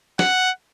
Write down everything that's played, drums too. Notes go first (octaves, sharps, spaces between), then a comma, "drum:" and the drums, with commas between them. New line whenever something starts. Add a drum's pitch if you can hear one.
F#5, drum: snare